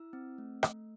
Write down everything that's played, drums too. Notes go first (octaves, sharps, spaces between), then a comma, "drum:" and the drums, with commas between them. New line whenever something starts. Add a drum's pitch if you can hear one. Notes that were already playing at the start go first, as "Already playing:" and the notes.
Already playing: E4 E6
C4
A3
A3, drum: rim click